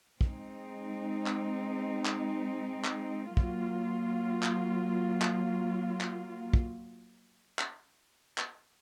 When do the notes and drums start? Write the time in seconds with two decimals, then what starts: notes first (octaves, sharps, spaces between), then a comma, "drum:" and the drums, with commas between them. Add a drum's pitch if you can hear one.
0.21 G#3 C4 D#4, drum: kick
1.26 drum: clap
2.05 drum: clap
2.85 drum: clap
3.37 F#3 A#3 F4, drum: kick
4.43 drum: clap
5.22 drum: clap
6.01 drum: clap
6.53 drum: kick
7.59 drum: clap
8.38 drum: clap